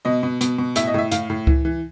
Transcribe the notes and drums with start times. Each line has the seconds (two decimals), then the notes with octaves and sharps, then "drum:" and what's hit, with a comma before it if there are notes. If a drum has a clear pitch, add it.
0.05 B2 D#5
0.23 B2
0.41 B2, drum: hi-hat
0.58 B2
0.76 A2 E5, drum: hi-hat
0.87 D#5
0.94 A2 E5
1.12 A2 F5, drum: hi-hat
1.30 A2
1.47 E3, drum: kick C#2
1.65 E3